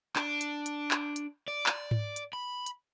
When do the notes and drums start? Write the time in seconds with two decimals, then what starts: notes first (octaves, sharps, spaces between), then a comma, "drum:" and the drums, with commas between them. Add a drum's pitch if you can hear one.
0.16 D4, drum: clap
0.41 drum: hi-hat
0.66 drum: hi-hat
0.91 drum: clap
1.16 drum: hi-hat
1.48 D5
1.66 drum: clap
1.91 drum: tom G#2
2.16 drum: hi-hat
2.33 B5
2.66 drum: hi-hat